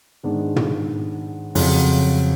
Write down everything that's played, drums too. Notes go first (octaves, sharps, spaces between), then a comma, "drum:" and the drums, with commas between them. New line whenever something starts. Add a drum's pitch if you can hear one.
G#2 D#3 G#3 B3 D4
drum: tom
F2 C#3 F#3, drum: open hi-hat